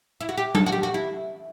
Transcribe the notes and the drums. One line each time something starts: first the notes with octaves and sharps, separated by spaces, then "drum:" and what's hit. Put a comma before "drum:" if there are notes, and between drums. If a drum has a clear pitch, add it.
E4
F#4
G4
A4, drum: tom F#3
F#4
G4
F#4
E4